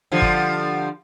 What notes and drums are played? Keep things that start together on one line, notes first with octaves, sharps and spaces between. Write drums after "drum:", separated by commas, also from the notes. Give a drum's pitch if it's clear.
D3 F3 G3
drum: kick